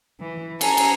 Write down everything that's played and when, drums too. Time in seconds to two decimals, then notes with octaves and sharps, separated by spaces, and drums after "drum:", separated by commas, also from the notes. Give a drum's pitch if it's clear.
0.20 E3
0.61 A4 G#5 A#5, drum: cymbal
0.77 drum: cymbal